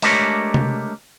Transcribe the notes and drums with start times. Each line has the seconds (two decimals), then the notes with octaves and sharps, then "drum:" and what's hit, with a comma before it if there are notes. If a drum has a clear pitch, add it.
0.02 G#3 A3 D4 G4 A#4 C#5, drum: open hi-hat
0.54 drum: tom C3